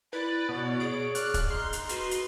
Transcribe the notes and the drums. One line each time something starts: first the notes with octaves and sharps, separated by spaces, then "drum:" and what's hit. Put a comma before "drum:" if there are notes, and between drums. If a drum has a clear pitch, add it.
E4 B4 D5
B2 C#5
G#4 D7
D5 F6 F#6, drum: hi-hat
drum: kick, hi-hat
D#4 C6
drum: hi-hat
F#4 B4 C6, drum: hi-hat
drum: hi-hat